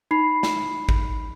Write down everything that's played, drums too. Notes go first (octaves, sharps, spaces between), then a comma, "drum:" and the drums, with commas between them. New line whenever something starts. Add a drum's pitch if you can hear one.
D#4 B5 C7
drum: snare
drum: kick G#1